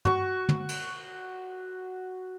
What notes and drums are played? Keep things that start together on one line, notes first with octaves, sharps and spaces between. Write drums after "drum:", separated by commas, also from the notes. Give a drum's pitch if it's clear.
F#4 C#6, drum: tom
drum: tom
drum: cymbal